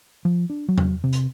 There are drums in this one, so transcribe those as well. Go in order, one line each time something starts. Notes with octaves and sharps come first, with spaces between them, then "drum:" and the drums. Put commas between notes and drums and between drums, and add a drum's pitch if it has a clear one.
F3
D4
F#3
drum: tom E2
C3
drum: hi-hat